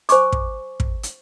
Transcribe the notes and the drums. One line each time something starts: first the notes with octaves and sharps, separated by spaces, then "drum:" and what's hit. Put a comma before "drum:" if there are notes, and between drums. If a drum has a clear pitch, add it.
C5 G#5 C#6 D6, drum: hi-hat
drum: kick
drum: kick
drum: hi-hat